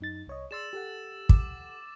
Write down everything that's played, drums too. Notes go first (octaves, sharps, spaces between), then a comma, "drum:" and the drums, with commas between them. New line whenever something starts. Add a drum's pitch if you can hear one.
F#2 D#4 A6
C2 C#5 D#5
G#4 D5 C6 E6 A6 E7
G4 A4 F#5
D6, drum: kick